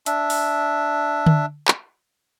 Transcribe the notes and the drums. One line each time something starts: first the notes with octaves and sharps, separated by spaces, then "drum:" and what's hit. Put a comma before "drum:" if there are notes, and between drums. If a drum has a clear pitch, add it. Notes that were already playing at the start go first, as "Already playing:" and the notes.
D4 E5, drum: hi-hat
drum: open hi-hat
drum: tom D3
drum: clap